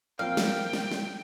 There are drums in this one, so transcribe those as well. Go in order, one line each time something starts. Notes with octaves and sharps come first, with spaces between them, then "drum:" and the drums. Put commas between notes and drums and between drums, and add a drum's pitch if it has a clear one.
F3 A#3 C4 F5 G5
drum: snare
drum: snare
drum: snare